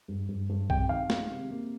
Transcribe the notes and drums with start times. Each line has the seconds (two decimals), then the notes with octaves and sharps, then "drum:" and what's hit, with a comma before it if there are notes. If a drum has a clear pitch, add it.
0.08 G2
0.29 G2
0.49 G2
0.70 C3 G5, drum: kick
0.89 D#3 F5
1.10 G#3, drum: snare
1.31 C3
1.51 A#3